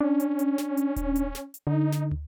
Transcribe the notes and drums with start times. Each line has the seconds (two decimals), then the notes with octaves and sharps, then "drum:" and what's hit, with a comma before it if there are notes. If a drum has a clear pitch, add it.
0.01 C#4 D4
0.20 drum: hi-hat
0.39 drum: hi-hat
0.58 drum: snare
0.77 drum: hi-hat
0.96 drum: kick D#1, hi-hat
1.16 drum: hi-hat
1.35 drum: snare
1.54 drum: hi-hat
1.67 D3 D#4
1.92 drum: snare
2.11 drum: tom